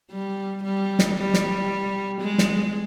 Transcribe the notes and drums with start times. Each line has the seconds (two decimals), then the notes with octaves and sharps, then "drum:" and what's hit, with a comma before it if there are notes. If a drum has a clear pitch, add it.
0.11 G3
0.64 G3
0.99 drum: snare
1.17 G3
1.34 drum: snare
2.21 G#3
2.38 drum: snare